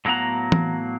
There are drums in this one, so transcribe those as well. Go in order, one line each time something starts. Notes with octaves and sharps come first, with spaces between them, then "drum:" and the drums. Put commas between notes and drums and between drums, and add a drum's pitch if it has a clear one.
A2 F#3 A#3 B3 F#4 A#5
drum: tom E3